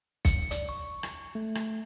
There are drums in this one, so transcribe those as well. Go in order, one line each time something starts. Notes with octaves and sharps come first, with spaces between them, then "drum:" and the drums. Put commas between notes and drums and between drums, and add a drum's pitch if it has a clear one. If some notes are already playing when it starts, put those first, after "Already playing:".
C#7, drum: kick, hi-hat
D5, drum: hi-hat
C#6
drum: rim click
A3
drum: rim click